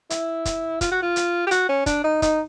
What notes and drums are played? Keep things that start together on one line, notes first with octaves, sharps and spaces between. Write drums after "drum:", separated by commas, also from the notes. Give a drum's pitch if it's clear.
E4, drum: hi-hat
drum: kick, hi-hat
F4, drum: kick, hi-hat
F#4
F4
drum: hi-hat
G4
F#4, drum: hi-hat
C#4
D4, drum: kick, hi-hat
D#4
D#4, drum: kick, hi-hat